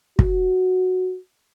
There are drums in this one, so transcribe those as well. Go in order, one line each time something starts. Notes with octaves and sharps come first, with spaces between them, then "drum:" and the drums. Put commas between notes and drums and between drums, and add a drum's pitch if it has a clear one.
F#4, drum: kick